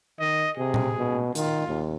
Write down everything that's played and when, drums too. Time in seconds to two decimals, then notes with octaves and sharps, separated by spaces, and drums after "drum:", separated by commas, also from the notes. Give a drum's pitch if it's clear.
0.19 D#3 D#5
0.57 C3 G#4
0.74 drum: tom A#2
0.98 B2
1.35 D#3 F4, drum: hi-hat
1.68 D#2